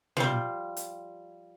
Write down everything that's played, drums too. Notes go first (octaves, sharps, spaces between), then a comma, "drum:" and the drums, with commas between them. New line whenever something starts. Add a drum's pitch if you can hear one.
F3 G3, drum: tom
drum: hi-hat